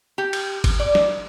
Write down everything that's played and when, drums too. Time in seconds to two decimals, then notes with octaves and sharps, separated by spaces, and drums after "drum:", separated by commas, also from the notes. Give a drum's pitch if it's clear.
0.18 G4
0.33 drum: cymbal
0.64 drum: kick G1, cymbal
0.80 D5
0.95 drum: snare